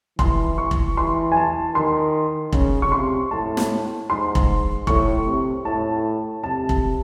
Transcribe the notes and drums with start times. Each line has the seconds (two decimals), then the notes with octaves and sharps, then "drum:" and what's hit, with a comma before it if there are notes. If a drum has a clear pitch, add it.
0.19 E3 C6, drum: kick
0.58 C#6
0.71 drum: kick
0.97 E3 C6
1.32 G#5
1.37 A5
1.75 D#3 C6
2.53 C#3, drum: kick
2.82 C#6
2.92 C3 C6
3.31 A2 A5
3.57 drum: snare
4.09 G#2 C6
4.35 drum: kick
4.87 A2 C#6, drum: kick
5.26 C3
5.65 A2 A5
6.44 C3 A5
6.69 drum: kick